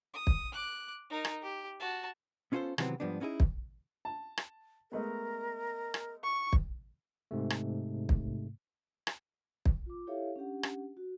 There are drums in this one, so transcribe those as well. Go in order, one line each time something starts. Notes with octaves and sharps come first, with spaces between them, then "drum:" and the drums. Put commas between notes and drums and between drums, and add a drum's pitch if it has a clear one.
D#6
drum: kick
D6 F#6
D#4 A#4
drum: rim click
G4
F#4 A5
B3 C#4 F4 G#4 A4 C5
C3 D#3 E3 F#3 B3 C4, drum: rim click
G#2 F3 G3 B3 D4
B3 C#4 D#4 E4 G#4
drum: kick
A5
drum: rim click
G#3 A3 B3 A#4
drum: rim click
C#6
drum: kick
G#2 C3 A3
drum: rim click
drum: kick
drum: rim click
drum: kick
F4 D6
E4 G4 A4 C#5 E5 F5
C#4 D4 G4 F#5
drum: rim click
F#4